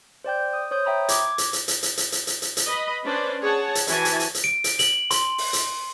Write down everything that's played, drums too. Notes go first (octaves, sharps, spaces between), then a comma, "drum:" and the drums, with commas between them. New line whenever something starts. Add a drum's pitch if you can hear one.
C5 D5 G5 G6
D#6
C5 C#5 D#6 G6
E5 G5 A#5 B5 D#6
D6 G#6, drum: hi-hat
drum: hi-hat
drum: hi-hat
drum: hi-hat
drum: hi-hat
drum: hi-hat
drum: hi-hat
drum: hi-hat
drum: hi-hat
drum: hi-hat
B4 D#5 B5
C#4 D4 B4 C5 D5
G#4 C#5 F#5 A5
drum: hi-hat
E3 F#4 G#5 A5, drum: hi-hat
drum: hi-hat
drum: hi-hat
drum: hi-hat
D7
drum: hi-hat
F#7, drum: hi-hat
C6, drum: hi-hat
drum: open hi-hat
drum: hi-hat